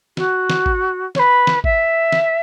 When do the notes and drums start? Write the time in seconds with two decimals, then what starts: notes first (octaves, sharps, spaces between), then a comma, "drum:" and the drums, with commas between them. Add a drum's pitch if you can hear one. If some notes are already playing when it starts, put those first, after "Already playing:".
0.17 F#4, drum: snare
0.50 drum: snare
0.66 drum: kick
1.15 C#5, drum: snare
1.19 B4
1.47 drum: snare
1.64 E5, drum: kick
2.12 drum: snare